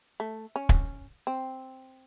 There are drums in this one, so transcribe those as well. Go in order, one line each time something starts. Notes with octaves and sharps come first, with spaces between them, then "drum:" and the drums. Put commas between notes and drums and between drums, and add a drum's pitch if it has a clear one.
A3
C#4
drum: kick
C4